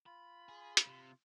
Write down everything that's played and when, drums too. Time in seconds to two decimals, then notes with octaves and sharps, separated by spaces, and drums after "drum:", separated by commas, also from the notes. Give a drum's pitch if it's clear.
0.06 F4 B5
0.49 G#4
0.77 drum: hi-hat
0.86 C3